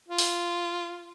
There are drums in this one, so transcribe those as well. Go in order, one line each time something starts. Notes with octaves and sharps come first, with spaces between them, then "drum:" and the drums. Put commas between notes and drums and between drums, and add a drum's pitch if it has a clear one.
F4
drum: open hi-hat